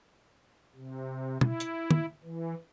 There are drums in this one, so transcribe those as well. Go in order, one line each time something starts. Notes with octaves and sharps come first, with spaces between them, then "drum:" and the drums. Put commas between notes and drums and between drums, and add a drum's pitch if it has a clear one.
C3
E4, drum: tom
drum: hi-hat
drum: tom
E3